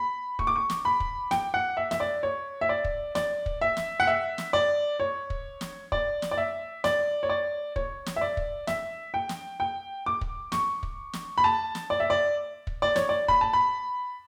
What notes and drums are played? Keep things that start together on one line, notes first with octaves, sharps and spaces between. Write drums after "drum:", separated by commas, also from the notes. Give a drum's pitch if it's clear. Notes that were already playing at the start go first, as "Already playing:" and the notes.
Already playing: B5
C#6, drum: kick
D6
C#6
drum: snare
B5
drum: kick
G5, drum: snare
F#5
E5
E5, drum: snare
D5
C#5
E5
D5
drum: kick
D5, drum: snare
drum: kick
E5
drum: snare
F#5
E5
drum: snare
D5
C#5
drum: kick
drum: snare
D5, drum: kick
drum: snare
D5
E5
D5, drum: snare
C#5
D5
C#5, drum: kick
drum: snare
E5
D5
drum: kick
E5, drum: snare
G5
drum: snare
G5
D6
drum: kick
C#6, drum: snare
drum: kick
drum: snare
B5
A5
drum: snare
D5
E5
D5
drum: kick
D5
C#5, drum: snare
D5
B5, drum: kick
A5
B5